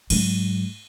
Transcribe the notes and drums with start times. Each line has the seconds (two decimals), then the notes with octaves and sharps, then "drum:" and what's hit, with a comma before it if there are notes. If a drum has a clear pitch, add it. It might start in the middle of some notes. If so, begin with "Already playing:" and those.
0.10 G#2 F#3, drum: cymbal